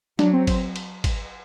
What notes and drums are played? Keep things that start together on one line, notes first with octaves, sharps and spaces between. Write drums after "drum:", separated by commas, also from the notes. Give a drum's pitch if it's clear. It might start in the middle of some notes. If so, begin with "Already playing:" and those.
F#3 D4, drum: snare
C4
C4, drum: kick G#1, cymbal
drum: cymbal
drum: kick G#1, cymbal